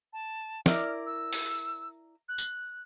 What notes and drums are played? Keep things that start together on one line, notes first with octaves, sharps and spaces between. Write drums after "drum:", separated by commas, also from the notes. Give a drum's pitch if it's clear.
A5
E4 A#4 D5 F6, drum: snare
E6
drum: open hi-hat
F#6
drum: tambourine